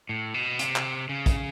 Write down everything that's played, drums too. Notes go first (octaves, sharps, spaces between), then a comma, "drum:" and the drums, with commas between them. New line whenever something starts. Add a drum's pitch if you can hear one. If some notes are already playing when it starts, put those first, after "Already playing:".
A2
B2
C3, drum: hi-hat
drum: clap
C#3
drum: kick, hi-hat